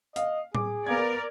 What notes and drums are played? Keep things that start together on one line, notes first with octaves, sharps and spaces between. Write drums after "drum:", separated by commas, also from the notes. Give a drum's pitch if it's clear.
D#5 F5, drum: hi-hat
G#4 D6, drum: tom A2
B3 A#4 D5 F5 G#6